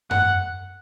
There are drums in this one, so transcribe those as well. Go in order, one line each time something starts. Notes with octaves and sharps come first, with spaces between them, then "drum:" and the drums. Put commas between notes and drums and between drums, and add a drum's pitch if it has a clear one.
F#5, drum: tom F#2